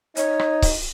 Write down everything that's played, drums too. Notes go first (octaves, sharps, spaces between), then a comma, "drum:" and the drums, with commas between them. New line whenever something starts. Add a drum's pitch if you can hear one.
D#4 C#5, drum: hi-hat
drum: rim click
drum: kick C#1, open hi-hat